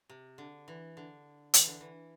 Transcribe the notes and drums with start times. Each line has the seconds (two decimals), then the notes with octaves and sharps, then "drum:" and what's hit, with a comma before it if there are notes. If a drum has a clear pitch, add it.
0.09 C3
0.38 D3
0.68 E3
0.97 D3
1.54 E3, drum: hi-hat
1.67 D3
1.81 E3